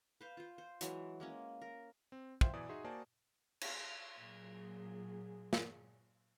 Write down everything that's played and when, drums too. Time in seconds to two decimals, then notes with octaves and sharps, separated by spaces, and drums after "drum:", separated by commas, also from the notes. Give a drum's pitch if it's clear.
0.21 B4 C5 F5
0.37 F4 C5
0.58 C5
0.81 E3 F#3 G#3 E5, drum: hi-hat
1.20 G#3 A#3 C#4
1.62 A#4
2.12 C4
2.41 C5 E5 F5 G5 C6, drum: kick
2.53 E2 B2 E3 D5 G#5 D#6
2.69 D#4 F#4 G#4 E5 C6
2.84 A#3 F#4 C5 D5 G#5 A5
3.61 drum: cymbal
4.18 A#2 F#3 G#4
5.53 drum: snare